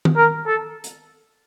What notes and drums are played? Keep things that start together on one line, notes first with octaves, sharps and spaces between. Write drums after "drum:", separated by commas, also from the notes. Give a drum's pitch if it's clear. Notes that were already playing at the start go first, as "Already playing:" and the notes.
drum: tom D#3
A#4
A4
drum: hi-hat